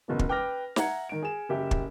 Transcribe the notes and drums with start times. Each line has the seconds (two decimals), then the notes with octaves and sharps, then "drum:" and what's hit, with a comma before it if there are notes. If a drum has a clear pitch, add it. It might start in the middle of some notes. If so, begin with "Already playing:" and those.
0.08 F#1 B2 E3
0.19 drum: kick
0.28 B4 G5 D6 F6 A#6
0.76 E5 F#5 A#5 G#6 C#7, drum: snare
1.09 D#3 D7
1.22 G#4 E7
1.49 F#1 G4 E5
1.71 drum: kick